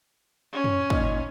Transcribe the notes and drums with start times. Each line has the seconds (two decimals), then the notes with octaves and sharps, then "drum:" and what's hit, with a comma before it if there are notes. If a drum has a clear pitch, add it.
0.53 C#4
0.64 drum: tom
0.90 A#2 D#4, drum: kick